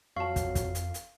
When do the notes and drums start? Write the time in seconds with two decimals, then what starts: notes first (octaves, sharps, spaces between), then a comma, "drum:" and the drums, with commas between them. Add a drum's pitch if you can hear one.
0.17 F2 F#3 F5 A5 C#6
0.36 drum: kick, hi-hat
0.55 drum: kick, hi-hat
0.75 drum: hi-hat
0.94 drum: hi-hat